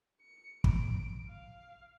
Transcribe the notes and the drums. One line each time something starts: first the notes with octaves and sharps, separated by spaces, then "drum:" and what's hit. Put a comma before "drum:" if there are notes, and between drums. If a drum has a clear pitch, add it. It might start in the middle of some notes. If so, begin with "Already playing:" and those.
C#7
D7, drum: kick
F5